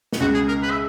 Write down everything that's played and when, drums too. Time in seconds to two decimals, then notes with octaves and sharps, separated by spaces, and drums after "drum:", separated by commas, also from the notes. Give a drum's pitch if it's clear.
0.13 B2, drum: snare
0.20 C#2 C#3 F#4
0.34 G#4
0.48 A#4
0.62 B4
0.70 E5